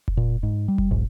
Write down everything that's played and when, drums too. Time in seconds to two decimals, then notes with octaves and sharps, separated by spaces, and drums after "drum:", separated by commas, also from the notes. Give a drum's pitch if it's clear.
0.08 drum: kick F1
0.17 A#2
0.43 G#2
0.68 G3
0.78 drum: kick F1
0.91 B1 G#2